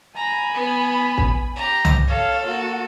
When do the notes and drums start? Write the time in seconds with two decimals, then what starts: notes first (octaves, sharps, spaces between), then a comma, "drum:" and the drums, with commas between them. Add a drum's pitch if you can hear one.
0.16 G#5 A#5 B5
0.53 B3
1.18 drum: kick
1.56 G4 A#5
1.85 drum: tom C2
2.07 A4 C#5 F5
2.46 A#3 F#4